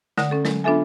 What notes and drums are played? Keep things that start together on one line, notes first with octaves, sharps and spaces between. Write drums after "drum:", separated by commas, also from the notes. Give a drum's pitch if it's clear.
D3 F#5 D#6 A#6, drum: snare
C#4 A4
F#3 G#3, drum: snare
B3 D4 F4 A4 E5 G#5